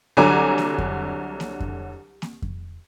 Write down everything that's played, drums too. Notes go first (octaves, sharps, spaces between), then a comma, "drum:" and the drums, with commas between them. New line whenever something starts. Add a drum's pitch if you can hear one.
C2 D3 F#3 G#5 A#5 D6
drum: snare A#3
drum: kick F2
drum: snare A#3
drum: kick F2
drum: snare A#3
drum: kick F2